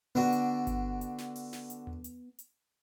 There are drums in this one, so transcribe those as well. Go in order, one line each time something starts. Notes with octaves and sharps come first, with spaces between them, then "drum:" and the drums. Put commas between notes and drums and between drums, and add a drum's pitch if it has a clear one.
D3 B3 D4 F#4
drum: hi-hat
drum: kick G1, hi-hat
drum: hi-hat
drum: snare
drum: open hi-hat
drum: snare
drum: hi-hat
drum: tom D#2
drum: hi-hat
drum: hi-hat